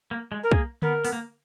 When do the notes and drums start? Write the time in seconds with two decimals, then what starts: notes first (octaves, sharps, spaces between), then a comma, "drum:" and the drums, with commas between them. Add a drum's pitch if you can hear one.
0.11 A#3
0.32 G#3
0.43 A#4
0.51 A#3 G#4, drum: kick
0.82 B3 A#4, drum: tom D3
1.05 B3, drum: open hi-hat
1.13 A#3